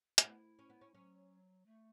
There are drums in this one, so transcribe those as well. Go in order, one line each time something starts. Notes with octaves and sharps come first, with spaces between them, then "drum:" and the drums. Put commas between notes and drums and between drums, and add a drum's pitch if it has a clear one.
A3, drum: hi-hat
B3 E4
C#4
B3
C#4
F#3 C#4
A3